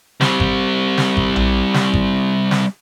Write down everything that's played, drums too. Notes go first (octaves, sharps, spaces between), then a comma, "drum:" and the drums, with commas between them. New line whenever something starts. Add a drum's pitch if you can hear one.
G3 C4, drum: snare
drum: kick G#1
drum: snare
drum: kick G#1
drum: tom A#1
drum: snare
drum: kick G#1
drum: snare